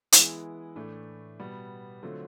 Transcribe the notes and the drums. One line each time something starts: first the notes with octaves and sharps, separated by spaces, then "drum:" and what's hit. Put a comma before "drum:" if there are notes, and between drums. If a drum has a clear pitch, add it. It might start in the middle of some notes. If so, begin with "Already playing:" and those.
E3 G#3 B3 E4 G#4, drum: hi-hat
A2 E3 A3 D4
B2 G3 B3
D3 F#3 A3 C4 F4